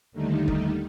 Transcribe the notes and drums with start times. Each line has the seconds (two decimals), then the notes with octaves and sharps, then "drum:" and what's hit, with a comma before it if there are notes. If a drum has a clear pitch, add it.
0.12 D#2 D3 D#3 G3 A3 D#4
0.48 drum: kick